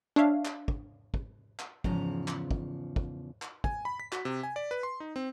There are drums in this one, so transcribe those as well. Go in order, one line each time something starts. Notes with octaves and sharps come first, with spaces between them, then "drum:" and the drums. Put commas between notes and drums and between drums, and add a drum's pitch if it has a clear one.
D4 C#5 E5 F5
drum: clap
drum: kick
drum: kick
drum: clap
E2 G#2 C#3 F3 A#5, drum: kick
drum: clap
drum: kick
drum: kick
drum: clap
G#5, drum: kick
B5
B6
F#4, drum: clap
C3
G#5
D5
B4
C6
D#4
C4